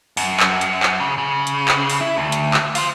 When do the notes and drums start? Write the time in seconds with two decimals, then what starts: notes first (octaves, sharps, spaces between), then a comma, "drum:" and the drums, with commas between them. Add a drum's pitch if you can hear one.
0.17 F#2, drum: open hi-hat
0.40 drum: clap
0.61 drum: hi-hat
0.83 drum: clap
1.00 C#3
1.18 C#3
1.47 drum: hi-hat
1.68 drum: clap
1.90 drum: open hi-hat
2.01 E4
2.18 D2
2.32 drum: hi-hat
2.54 drum: clap
2.75 F4 C5, drum: open hi-hat